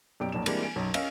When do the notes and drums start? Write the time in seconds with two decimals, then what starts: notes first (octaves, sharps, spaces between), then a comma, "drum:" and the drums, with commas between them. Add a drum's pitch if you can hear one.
0.20 F#2 B2 G4 D5 D7
0.32 B1 F2 A#2 E7
0.46 E3 G3 G#3 A#3 C4 D4, drum: cymbal
0.63 G#5 D7
0.76 B1 F#2
0.94 C#4 D#5 F5 E6, drum: cymbal